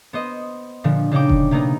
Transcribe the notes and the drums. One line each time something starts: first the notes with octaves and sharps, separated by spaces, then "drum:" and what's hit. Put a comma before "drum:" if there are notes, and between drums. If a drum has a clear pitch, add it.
B3 C5 D#5
A#2 D3 F3
C#3 D4 D#4 G5 D6
drum: kick F1
C3 A#3 B3 D#4